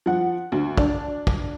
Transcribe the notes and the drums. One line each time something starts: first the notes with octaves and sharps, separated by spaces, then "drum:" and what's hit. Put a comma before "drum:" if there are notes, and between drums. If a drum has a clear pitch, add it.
F3 F#5
D2
D4, drum: kick
drum: kick